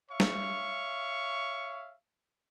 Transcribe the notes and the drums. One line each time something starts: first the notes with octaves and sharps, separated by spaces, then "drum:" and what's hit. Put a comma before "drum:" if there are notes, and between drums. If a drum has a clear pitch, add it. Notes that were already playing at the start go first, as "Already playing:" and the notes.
C#5 E5 F5 C#6
drum: snare